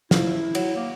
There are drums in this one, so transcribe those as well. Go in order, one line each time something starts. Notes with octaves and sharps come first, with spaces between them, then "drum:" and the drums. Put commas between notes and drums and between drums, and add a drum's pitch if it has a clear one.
F3 E4, drum: snare
E5
F#3, drum: cymbal
A#3